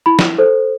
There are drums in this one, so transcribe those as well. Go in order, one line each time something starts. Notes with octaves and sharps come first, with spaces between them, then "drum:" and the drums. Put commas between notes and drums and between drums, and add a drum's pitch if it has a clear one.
E4 B5
drum: snare
A4 C5